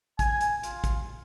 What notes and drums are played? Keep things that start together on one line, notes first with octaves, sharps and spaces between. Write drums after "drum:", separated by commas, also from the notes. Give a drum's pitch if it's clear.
G#5, drum: kick A1, hi-hat
drum: hi-hat
F4, drum: hi-hat
drum: kick A1, hi-hat